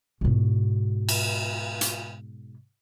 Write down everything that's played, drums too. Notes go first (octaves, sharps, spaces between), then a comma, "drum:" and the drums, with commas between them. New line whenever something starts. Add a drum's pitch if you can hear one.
G#2 B2
drum: cymbal
drum: hi-hat